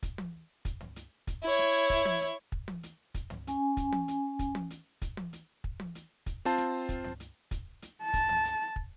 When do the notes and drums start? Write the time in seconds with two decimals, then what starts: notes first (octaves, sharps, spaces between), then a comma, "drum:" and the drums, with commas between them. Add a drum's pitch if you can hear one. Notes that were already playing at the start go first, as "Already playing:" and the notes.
0.03 drum: kick, hi-hat
0.18 drum: tom
0.65 drum: kick, hi-hat
0.81 drum: tom
0.96 drum: hi-hat
1.27 drum: kick, hi-hat
1.43 E4 C#5
1.59 drum: hi-hat
1.90 drum: kick, hi-hat
2.05 drum: tom
2.21 drum: hi-hat
2.52 drum: kick
2.68 drum: tom
2.83 drum: hi-hat
3.14 drum: kick, hi-hat
3.30 drum: tom
3.47 C#4 G#5, drum: hi-hat
3.77 drum: kick, hi-hat
3.92 drum: tom
4.08 drum: hi-hat
4.39 drum: kick, hi-hat
4.55 drum: tom
4.70 drum: hi-hat
5.02 drum: kick, hi-hat
5.17 drum: tom
5.33 drum: hi-hat
5.64 drum: kick
5.80 drum: tom
5.95 drum: hi-hat
6.26 drum: kick, hi-hat
6.45 C4 F4 C5 A5
6.58 drum: hi-hat
6.89 drum: kick, hi-hat
7.04 drum: tom
7.20 drum: hi-hat
7.51 drum: kick, hi-hat
7.82 drum: hi-hat
8.04 A5
8.14 drum: kick, hi-hat
8.29 drum: tom
8.45 drum: hi-hat
8.76 drum: kick